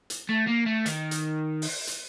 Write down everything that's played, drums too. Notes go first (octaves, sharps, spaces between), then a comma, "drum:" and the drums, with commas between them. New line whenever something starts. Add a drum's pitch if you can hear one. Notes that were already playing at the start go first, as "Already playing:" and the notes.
drum: hi-hat
A3
A#3
A3
D#3, drum: hi-hat
drum: hi-hat
drum: open hi-hat
drum: hi-hat